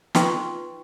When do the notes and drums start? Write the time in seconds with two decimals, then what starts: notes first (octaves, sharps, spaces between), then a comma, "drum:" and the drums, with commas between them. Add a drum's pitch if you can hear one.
0.15 D#4 F4 B4 G5 C6 C#6, drum: snare